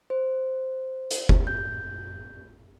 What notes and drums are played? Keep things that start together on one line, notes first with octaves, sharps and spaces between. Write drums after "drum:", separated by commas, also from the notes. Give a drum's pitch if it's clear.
C5
drum: hi-hat
drum: kick F#1
G6